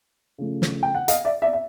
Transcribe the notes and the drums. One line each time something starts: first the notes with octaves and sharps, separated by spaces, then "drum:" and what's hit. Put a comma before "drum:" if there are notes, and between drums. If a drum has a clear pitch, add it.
C#3 F3 A3
drum: snare
G5
F#5
D#5 F5, drum: hi-hat
D5 E5
D5 E5
E5